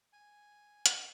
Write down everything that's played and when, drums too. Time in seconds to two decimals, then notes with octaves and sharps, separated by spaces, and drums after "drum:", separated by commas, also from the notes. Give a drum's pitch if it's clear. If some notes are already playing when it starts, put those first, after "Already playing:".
0.13 G#5
0.86 drum: hi-hat